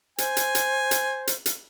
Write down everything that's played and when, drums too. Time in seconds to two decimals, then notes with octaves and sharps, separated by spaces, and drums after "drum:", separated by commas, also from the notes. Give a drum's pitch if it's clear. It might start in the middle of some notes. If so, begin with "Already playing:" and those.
0.18 C5 G#5, drum: hi-hat
0.37 drum: hi-hat
0.55 drum: hi-hat
0.91 drum: hi-hat
1.27 drum: hi-hat
1.46 drum: hi-hat